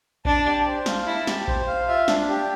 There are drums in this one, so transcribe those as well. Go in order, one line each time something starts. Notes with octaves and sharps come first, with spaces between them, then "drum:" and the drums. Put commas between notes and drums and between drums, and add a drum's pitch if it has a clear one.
D4 A5, drum: kick A#1
G4
C5
F5, drum: snare
E4 A5
G4, drum: snare
C5, drum: kick A#1
F5
F4 E5
D4, drum: snare
G4